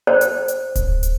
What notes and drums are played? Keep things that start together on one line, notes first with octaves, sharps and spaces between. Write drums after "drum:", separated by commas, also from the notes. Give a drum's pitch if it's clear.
C5
drum: hi-hat
drum: hi-hat
drum: kick D1, hi-hat
drum: hi-hat